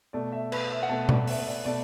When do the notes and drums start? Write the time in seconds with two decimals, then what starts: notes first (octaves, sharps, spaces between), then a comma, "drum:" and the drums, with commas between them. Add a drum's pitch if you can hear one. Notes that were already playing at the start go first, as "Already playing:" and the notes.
0.13 B2 A3 D5
0.32 E5
0.52 B4, drum: cymbal
0.71 E5
0.83 F#5
0.89 B2 A3 A5
1.09 D5, drum: tom B2
1.27 E5, drum: open hi-hat
1.47 D5
1.65 B2 A3 D5